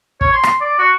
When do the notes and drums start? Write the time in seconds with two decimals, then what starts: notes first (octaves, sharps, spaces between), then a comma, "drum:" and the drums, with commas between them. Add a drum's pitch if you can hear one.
0.21 C#5, drum: kick
0.33 C6
0.43 drum: rim click
0.61 D5
0.79 F#4